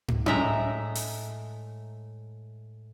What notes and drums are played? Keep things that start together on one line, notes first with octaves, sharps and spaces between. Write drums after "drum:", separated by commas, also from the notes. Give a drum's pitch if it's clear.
drum: tom
A2 G#3 E5 A#5, drum: tom C#4
drum: open hi-hat